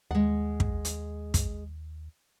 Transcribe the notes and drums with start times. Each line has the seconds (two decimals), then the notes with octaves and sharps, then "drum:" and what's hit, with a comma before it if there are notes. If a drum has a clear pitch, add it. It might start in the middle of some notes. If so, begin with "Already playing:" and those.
0.11 D#2 G#3 F#5
0.60 drum: kick
0.85 drum: hi-hat
1.34 drum: kick, hi-hat